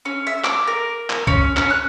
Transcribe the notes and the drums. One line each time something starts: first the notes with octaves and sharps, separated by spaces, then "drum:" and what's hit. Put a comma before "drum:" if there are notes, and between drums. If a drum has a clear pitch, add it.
C#4
E5
D6, drum: clap
A#4
drum: clap
C#4, drum: kick
C#4, drum: clap
F#6